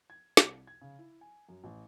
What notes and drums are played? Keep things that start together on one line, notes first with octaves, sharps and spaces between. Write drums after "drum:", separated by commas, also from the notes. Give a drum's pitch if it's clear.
G#6
C2, drum: snare
G#6
C#3
E4
G#5
F#2
A1